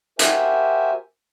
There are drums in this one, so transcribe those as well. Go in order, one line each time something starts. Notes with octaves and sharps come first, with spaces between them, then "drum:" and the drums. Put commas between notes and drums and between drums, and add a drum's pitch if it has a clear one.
F#4 G4 A#4 C5 E5 G#5, drum: hi-hat